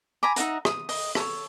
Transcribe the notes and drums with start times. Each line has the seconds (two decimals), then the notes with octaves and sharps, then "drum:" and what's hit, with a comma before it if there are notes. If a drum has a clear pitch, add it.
0.23 G#5 A#5 B5 D6
0.36 D#4 E5 F#5 A#5, drum: hi-hat
0.65 D#6, drum: rim click
0.89 D#5, drum: open hi-hat
1.15 A4 C#5, drum: rim click